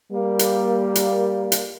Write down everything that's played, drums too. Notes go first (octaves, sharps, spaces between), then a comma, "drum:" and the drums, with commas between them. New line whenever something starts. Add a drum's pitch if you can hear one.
G3 A#3
drum: hi-hat
drum: hi-hat
drum: hi-hat